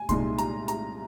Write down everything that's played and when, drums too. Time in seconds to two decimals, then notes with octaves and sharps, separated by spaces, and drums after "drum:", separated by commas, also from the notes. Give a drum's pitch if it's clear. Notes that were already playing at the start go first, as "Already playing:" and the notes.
Already playing: G#5
0.09 C2 A#2 G#3 D#4 C6, drum: kick C2, hi-hat
0.38 A#5, drum: hi-hat
0.68 A#5, drum: hi-hat